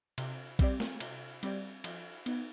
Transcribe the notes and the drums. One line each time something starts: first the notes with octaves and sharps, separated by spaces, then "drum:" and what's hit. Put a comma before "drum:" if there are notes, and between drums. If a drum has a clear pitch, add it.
C3, drum: cymbal
G3 C4 G4 D5, drum: kick A#1, cymbal
drum: snare
C3, drum: cymbal
G3 C4 G4 D5, drum: cymbal
F3, drum: cymbal
B3 D#4, drum: cymbal